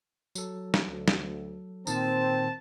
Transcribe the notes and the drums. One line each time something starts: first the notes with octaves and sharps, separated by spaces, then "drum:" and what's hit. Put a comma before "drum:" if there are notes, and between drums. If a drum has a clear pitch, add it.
F#3 A4, drum: tambourine
drum: snare
D2
drum: snare
A#2 D#3 C4 A5, drum: tambourine